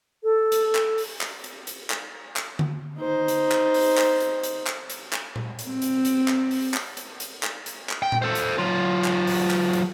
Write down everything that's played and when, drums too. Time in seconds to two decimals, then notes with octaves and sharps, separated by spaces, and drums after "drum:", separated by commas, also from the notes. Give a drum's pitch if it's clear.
0.23 A4
0.52 drum: hi-hat
0.75 drum: clap
0.98 drum: open hi-hat
1.21 drum: clap
1.44 drum: hi-hat
1.67 drum: hi-hat
1.90 drum: clap
2.36 drum: clap
2.59 drum: tom D3
2.99 D#4 C5
3.28 drum: hi-hat
3.51 drum: clap
3.74 drum: open hi-hat
3.97 drum: clap
4.20 drum: hi-hat
4.44 drum: hi-hat
4.67 drum: clap
4.90 drum: hi-hat
5.13 drum: clap
5.36 drum: tom A#2
5.59 drum: hi-hat
5.68 C4
5.82 drum: hi-hat
6.05 drum: hi-hat
6.28 drum: clap
6.51 drum: open hi-hat
6.74 drum: clap
6.97 drum: hi-hat
7.20 drum: hi-hat
7.43 drum: clap
7.66 drum: hi-hat
7.89 drum: clap
8.03 G5
8.12 drum: tom A#2
8.22 A4 C5
8.35 drum: hi-hat
8.58 F#3 F4
9.04 drum: clap
9.27 drum: open hi-hat
9.50 drum: clap
9.73 drum: hi-hat